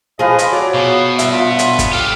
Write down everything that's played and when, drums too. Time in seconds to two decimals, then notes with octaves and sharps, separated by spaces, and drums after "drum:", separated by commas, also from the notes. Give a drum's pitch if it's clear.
0.19 F3 F4 G#4 B4 D#5
0.39 drum: hi-hat
0.52 F#3 D5 G#5 A#5
0.74 B2 F#4 C5
1.19 G2 E5, drum: hi-hat
1.33 F4 B4
1.59 drum: hi-hat
1.79 drum: kick, hi-hat
1.93 G4 A4 F5